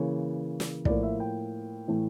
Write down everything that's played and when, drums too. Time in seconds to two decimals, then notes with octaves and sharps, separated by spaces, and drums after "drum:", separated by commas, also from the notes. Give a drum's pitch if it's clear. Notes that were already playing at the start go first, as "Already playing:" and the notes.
Already playing: C#3 E3 A#3 C#5
0.60 drum: snare
0.85 A2 F3 A#3 D5, drum: kick
1.03 E5
1.20 G5
1.88 A2 E3 A3